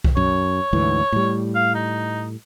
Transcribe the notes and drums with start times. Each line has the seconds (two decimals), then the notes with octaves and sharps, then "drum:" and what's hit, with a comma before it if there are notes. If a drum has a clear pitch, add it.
0.04 drum: kick C2
0.17 F#2 C#5
0.73 D2 G#2 E3
1.12 A2 G3
1.55 F5
1.75 D#4